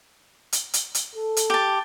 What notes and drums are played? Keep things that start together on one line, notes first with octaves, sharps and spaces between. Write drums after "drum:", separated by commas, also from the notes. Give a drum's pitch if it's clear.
drum: hi-hat
drum: hi-hat
drum: hi-hat
A4
drum: hi-hat
G4 A5